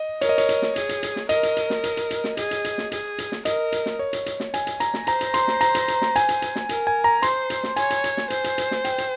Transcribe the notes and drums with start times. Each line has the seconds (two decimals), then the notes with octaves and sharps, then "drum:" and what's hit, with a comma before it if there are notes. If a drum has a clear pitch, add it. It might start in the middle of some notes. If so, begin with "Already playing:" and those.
Already playing: D#5
0.21 A#4 C#5, drum: hi-hat
0.29 D#5
0.38 C#5, drum: hi-hat
0.49 drum: hi-hat
0.62 drum: snare
0.76 G#4, drum: hi-hat
0.89 drum: hi-hat
1.03 drum: hi-hat
1.16 drum: snare
1.29 A#4 D#5, drum: hi-hat
1.43 drum: hi-hat
1.57 drum: hi-hat
1.70 drum: snare
1.84 drum: hi-hat
1.97 drum: hi-hat
2.11 drum: hi-hat
2.24 drum: snare
2.37 G#4, drum: hi-hat
2.51 drum: hi-hat
2.64 drum: hi-hat
2.78 drum: snare
2.92 G#4, drum: hi-hat
3.18 drum: hi-hat
3.32 drum: snare
3.45 A#4 D#5, drum: hi-hat
3.72 drum: hi-hat
3.86 drum: snare
3.99 C#5
4.13 drum: hi-hat
4.26 drum: hi-hat
4.40 drum: snare
4.54 G#5, drum: hi-hat
4.67 drum: hi-hat
4.80 A#5, drum: hi-hat
4.94 drum: snare
5.07 C5 A#5, drum: hi-hat
5.21 drum: hi-hat
5.34 C6, drum: hi-hat
5.48 drum: snare
5.61 A#5, drum: hi-hat
5.75 drum: hi-hat
5.88 drum: hi-hat
6.02 drum: snare
6.16 G#5, drum: hi-hat
6.29 drum: hi-hat
6.42 drum: hi-hat
6.56 drum: snare
6.69 A#4, drum: hi-hat
6.87 G#5
7.04 A#5
7.22 C5 C6, drum: hi-hat
7.50 drum: hi-hat
7.63 drum: snare
7.76 C#5 G#5, drum: hi-hat
7.90 drum: hi-hat
8.04 drum: hi-hat
8.17 drum: snare
8.30 C5, drum: hi-hat
8.44 drum: hi-hat
8.58 drum: hi-hat
8.71 drum: snare
8.85 G5, drum: hi-hat
8.98 drum: hi-hat